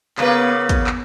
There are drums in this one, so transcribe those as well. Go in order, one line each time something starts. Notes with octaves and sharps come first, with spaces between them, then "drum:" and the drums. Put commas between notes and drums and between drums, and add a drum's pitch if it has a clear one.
C#3 A#3 B3 B4, drum: clap
drum: kick, hi-hat
drum: clap